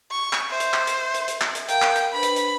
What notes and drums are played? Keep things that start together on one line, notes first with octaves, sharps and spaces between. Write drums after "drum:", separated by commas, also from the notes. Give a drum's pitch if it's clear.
C#6
drum: clap
C5 E5
drum: hi-hat
drum: clap
drum: hi-hat
drum: hi-hat
drum: hi-hat
drum: clap
drum: hi-hat
A#4 F5 G5 A#5, drum: hi-hat
drum: clap
drum: hi-hat
D4 B4 C5 B5
drum: hi-hat
drum: hi-hat